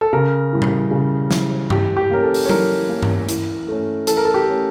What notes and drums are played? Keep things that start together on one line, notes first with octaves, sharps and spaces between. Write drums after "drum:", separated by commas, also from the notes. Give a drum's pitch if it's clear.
A4
C#3 A#4
E3 G3
drum: tom A#2
C#3
E3 G3, drum: snare
E3 G4, drum: tom G2
G4
A#3 C#4 A#4
A4
drum: open hi-hat
C#5
E3 A#4, drum: tom F#3
A#3 C#4
drum: tom G2
E3, drum: hi-hat
A3 C#4
E3 A4, drum: hi-hat
A#4
A4
G4
A3 C#4